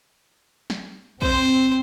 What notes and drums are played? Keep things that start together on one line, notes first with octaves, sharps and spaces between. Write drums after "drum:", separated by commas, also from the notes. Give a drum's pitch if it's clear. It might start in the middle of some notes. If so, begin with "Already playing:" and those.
drum: snare
C4 C5, drum: kick